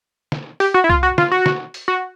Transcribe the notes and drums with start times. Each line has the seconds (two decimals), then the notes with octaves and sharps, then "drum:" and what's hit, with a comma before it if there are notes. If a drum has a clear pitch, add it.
0.32 drum: snare
0.60 G4, drum: open hi-hat
0.74 F#4
0.84 E4
0.89 F4, drum: kick C2
1.03 F#4
1.18 F4, drum: snare
1.32 F#4
1.46 drum: snare
1.74 drum: open hi-hat
1.88 F#4